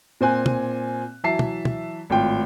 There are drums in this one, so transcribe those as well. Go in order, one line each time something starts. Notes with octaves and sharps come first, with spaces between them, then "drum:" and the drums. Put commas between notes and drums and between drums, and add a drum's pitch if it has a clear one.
A#2 C4 G#5 F#6
drum: tom
E3 F#3 E5 A5 C7
drum: tom
drum: tom
G#1 A2 F4 G5